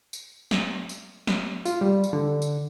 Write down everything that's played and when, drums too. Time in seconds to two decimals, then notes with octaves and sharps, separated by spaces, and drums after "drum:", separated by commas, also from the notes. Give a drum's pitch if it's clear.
0.13 drum: tambourine
0.51 drum: snare
0.89 drum: tambourine
1.27 drum: snare
1.65 F4, drum: tambourine
1.81 G3
2.04 drum: tambourine
2.13 D3
2.42 drum: tambourine